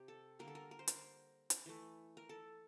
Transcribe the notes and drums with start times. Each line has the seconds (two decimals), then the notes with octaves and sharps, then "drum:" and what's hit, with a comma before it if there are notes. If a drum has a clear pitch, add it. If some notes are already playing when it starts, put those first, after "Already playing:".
Already playing: C3 G4
0.08 A4
0.39 D3 G3 A#3 A#4
0.48 A4
0.55 A#4
0.71 A#4
0.79 C5
0.88 A#4, drum: hi-hat
1.50 drum: hi-hat
1.66 E3 A3
2.17 A#4
2.29 A4